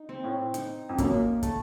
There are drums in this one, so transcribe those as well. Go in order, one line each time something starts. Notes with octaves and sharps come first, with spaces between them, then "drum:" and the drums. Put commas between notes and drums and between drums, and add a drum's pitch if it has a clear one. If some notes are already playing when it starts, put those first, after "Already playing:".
Already playing: D#4
C4
A2
D#4, drum: hi-hat
F2
F#2 A#3, drum: kick, hi-hat
A3, drum: kick, hi-hat